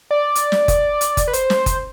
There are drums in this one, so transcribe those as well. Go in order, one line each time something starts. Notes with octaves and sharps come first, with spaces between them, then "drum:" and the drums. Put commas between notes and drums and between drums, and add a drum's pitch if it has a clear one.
D5
drum: hi-hat
drum: snare
drum: kick F#1, hi-hat
drum: hi-hat
drum: kick F#1, hi-hat
B4
C5, drum: hi-hat
drum: snare
drum: kick F#1, hi-hat